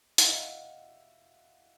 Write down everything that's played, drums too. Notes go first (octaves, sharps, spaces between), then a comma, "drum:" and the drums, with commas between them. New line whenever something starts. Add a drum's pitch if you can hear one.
D#5 F5, drum: hi-hat
E5 F#5